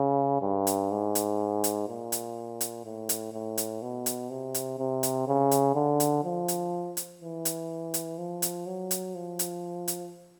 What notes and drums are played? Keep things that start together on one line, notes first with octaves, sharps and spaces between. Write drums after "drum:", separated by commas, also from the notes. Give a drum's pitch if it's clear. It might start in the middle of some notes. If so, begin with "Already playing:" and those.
Already playing: C#3
G2
drum: hi-hat
G#2
drum: hi-hat
drum: hi-hat
A#2
drum: hi-hat
drum: hi-hat
A2
drum: hi-hat
A2
drum: hi-hat
B2
drum: hi-hat
C3
drum: hi-hat
C3
drum: hi-hat
C#3
drum: hi-hat
D3
drum: hi-hat
F3
drum: hi-hat
drum: hi-hat
E3
drum: hi-hat
drum: hi-hat
F3
drum: hi-hat
F#3
drum: hi-hat
F3
drum: hi-hat
drum: hi-hat